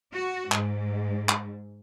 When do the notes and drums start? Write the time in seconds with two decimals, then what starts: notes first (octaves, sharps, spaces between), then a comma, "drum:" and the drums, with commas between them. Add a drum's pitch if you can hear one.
0.13 F#4
0.52 G#2, drum: clap
1.29 drum: clap